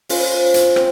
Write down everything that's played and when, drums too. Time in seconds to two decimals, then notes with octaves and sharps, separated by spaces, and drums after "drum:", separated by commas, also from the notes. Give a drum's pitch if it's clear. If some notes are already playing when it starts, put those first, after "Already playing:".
0.09 C#4 F4 C5, drum: open hi-hat
0.54 drum: hi-hat
0.76 C4, drum: rim click